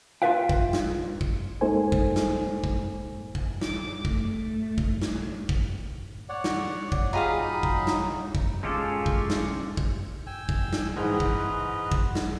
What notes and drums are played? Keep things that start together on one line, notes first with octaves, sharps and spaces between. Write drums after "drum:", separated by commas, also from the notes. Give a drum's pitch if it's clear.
F4 B4 E5 F5 G5
drum: kick
drum: snare
drum: kick
G#3 A#3 D#4 A4 C5 G#5
drum: kick
drum: snare
drum: kick
drum: kick
D6, drum: snare
A3, drum: kick
drum: kick
drum: snare
drum: kick
C#5 D5 F#5
drum: snare
drum: kick
F#3 F4 G4 G#4 D#5 F5 A#5 B5
D#4
drum: kick
drum: snare
drum: kick
G#3 C#4 F4 G4 A4
drum: kick
drum: snare
drum: kick
G5 G#5 E6
drum: kick
drum: snare
G#2 E3 B4 D#5 F#5 A#5
drum: kick
drum: kick
drum: snare